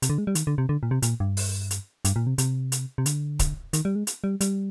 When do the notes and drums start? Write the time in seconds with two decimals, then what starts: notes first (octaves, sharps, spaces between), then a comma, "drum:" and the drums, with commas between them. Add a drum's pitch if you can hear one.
0.02 C3, drum: hi-hat
0.10 D3
0.18 G#3
0.27 G3
0.35 D#3, drum: hi-hat
0.47 D3
0.58 C3
0.69 D3
0.83 A#2
0.91 C3
1.02 A#2, drum: hi-hat
1.20 G2
1.37 drum: open hi-hat
1.71 drum: hi-hat
2.05 G2, drum: hi-hat
2.16 A#2
2.27 C3
2.38 C3, drum: hi-hat
2.72 drum: hi-hat
2.98 C3
3.06 D3, drum: hi-hat
3.39 drum: kick C#1, hi-hat
3.73 D#3, drum: hi-hat
3.85 G3
3.96 G#3
4.07 drum: hi-hat
4.24 G3
4.41 G3, drum: hi-hat